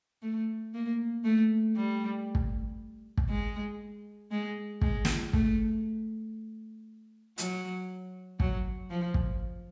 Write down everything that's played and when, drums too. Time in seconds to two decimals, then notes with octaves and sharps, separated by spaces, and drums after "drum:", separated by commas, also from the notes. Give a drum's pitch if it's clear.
0.22 A3
0.74 A#3
1.24 A3
1.76 G3
2.35 drum: kick
3.17 drum: kick
3.29 G#3
4.31 G#3
4.81 G#3, drum: kick
5.05 drum: snare
5.33 A3, drum: kick
7.38 F#3, drum: hi-hat
8.40 F#3, drum: kick
8.90 F3
9.14 drum: kick